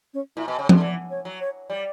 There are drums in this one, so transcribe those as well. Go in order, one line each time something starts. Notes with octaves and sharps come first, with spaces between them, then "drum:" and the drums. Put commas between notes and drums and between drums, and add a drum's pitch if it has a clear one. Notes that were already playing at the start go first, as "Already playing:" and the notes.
C#4
A#2 E4
B2
C#3 C#5
D3, drum: tom F3
E3 D5
C#5
F#3
C#5
G3 D5